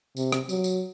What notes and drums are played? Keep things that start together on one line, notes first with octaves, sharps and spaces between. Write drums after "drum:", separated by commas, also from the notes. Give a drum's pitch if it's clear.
C3, drum: tambourine
drum: rim click
F#3, drum: tambourine
drum: tambourine